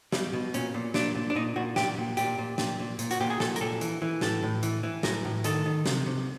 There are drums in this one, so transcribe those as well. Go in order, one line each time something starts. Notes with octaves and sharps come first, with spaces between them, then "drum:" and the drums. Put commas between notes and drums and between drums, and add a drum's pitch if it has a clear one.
B2 G3, drum: snare
B2
A#2 C#4, drum: hi-hat
A#2
A#2 D4, drum: snare
A#2
D4
A#2 D#4
A#2 F#4
A#2 G4, drum: snare
A#2
A#2 G4, drum: hi-hat
A#2
A#2, drum: snare
A#2
A#2, drum: hi-hat
F#4, drum: hi-hat
A#2 G4
G#4
A#2 A4, drum: snare
A#4, drum: hi-hat
A#2 A4
E3, drum: hi-hat
E3
A2 A4, drum: snare
A2
E3, drum: hi-hat
E3
A2 A#4, drum: snare
A2
D#3 A4, drum: hi-hat
D#3
C3, drum: snare
C3